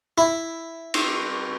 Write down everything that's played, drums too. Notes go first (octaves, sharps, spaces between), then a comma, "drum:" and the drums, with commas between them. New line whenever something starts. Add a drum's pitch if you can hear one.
E4
drum: cymbal